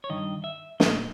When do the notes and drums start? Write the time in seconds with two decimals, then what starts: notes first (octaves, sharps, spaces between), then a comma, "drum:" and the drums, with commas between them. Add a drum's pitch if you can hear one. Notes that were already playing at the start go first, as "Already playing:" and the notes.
0.04 C#5
0.10 G2 D#3 D#5
0.44 E5
0.80 A#2 D#5, drum: snare